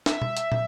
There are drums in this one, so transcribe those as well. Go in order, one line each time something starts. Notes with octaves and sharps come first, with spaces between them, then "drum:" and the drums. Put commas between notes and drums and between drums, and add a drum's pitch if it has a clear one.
E5, drum: snare
drum: tom B2
drum: hi-hat
drum: tom